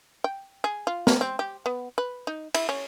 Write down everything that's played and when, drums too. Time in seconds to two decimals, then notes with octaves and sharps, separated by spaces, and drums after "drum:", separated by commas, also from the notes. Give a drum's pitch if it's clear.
0.24 G5
0.64 G#4
0.87 F4
1.07 A#4, drum: snare
1.21 C4
1.39 G4
1.66 B3
1.98 B4
2.27 D#4
2.54 E4, drum: cymbal
2.69 C#4